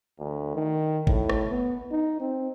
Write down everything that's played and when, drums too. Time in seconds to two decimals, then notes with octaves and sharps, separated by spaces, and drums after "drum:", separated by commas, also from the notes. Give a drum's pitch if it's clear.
0.20 D2
0.55 D#3
1.07 A2, drum: kick G1
1.30 drum: rim click
1.49 B3
1.91 D#4
2.20 C4